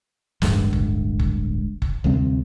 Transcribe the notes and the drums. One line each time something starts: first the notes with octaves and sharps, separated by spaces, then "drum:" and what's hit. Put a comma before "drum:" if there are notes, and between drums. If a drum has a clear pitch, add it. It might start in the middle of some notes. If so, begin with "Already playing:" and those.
D1 G1 G2 G#3, drum: snare
drum: kick F#1
drum: kick F#1
drum: kick F#1
D2 C3 G3 C4